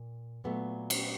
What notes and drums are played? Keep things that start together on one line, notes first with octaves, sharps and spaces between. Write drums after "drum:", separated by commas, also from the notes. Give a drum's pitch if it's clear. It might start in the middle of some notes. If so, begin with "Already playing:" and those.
Already playing: A#2
A#2 F#3 A3 B3
drum: cymbal